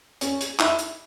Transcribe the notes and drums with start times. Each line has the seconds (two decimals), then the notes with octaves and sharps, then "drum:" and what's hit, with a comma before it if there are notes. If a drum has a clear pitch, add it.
0.21 C#4, drum: hi-hat
0.41 drum: hi-hat
0.60 E4, drum: clap
0.79 drum: hi-hat